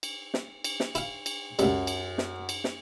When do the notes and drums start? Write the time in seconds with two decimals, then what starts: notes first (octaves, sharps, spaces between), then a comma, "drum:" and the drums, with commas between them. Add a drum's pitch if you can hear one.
0.03 drum: cymbal
0.34 drum: snare
0.64 drum: cymbal
0.80 drum: snare
0.95 E4 F5, drum: cymbal
1.26 drum: cymbal
1.59 C#2 F#2 G3, drum: cymbal
1.87 drum: cymbal
2.18 drum: snare
2.49 drum: cymbal
2.64 drum: snare